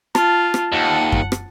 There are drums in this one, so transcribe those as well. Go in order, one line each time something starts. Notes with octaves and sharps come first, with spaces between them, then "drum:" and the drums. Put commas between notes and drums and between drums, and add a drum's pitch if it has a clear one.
F4 A5, drum: rim click
drum: rim click
D#2 F#5
drum: kick F#2
drum: rim click